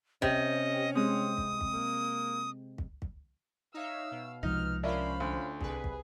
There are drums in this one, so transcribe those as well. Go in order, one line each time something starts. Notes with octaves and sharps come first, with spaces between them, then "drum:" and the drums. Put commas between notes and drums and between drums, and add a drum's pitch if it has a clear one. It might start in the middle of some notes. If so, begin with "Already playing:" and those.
C3 C#4 D#5, drum: kick
G#3 C4 D#6
drum: kick
drum: kick
A#3
drum: kick
drum: kick
D#4 C#5 E5 F5 E6
B2
C2 F3 G#3 D#4 F6, drum: kick
C#4 D4 F4 A#4 C5 E5 F5 B5
D2
C2 G#4 B4, drum: kick
drum: kick